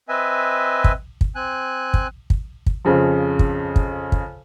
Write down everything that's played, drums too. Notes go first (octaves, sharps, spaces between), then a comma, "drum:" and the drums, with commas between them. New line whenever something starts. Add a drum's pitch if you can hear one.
C4 B4 D#5 E5 G#5
drum: kick
drum: kick
C4 G#5 F#6
drum: kick
drum: kick
drum: kick
F2 C#3 F3
drum: kick
drum: kick
drum: kick